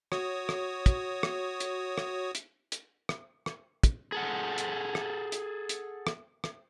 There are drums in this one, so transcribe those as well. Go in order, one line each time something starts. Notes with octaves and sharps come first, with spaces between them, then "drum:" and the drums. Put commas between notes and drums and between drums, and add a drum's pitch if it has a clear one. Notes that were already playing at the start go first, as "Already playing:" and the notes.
F#4 C#5 D#6, drum: rim click
drum: rim click
drum: kick, hi-hat
drum: rim click
drum: hi-hat
drum: rim click
drum: hi-hat
drum: hi-hat
drum: rim click
drum: rim click
drum: kick, hi-hat
G#4 A4 F#5
drum: hi-hat
drum: rim click
drum: hi-hat
drum: hi-hat
drum: rim click
drum: rim click